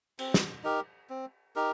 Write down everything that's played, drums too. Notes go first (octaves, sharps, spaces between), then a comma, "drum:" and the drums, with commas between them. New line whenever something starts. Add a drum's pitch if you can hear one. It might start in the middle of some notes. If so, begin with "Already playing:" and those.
C4, drum: cymbal
drum: snare
D#4 G4 A#4
C4
D#4 G4 A#4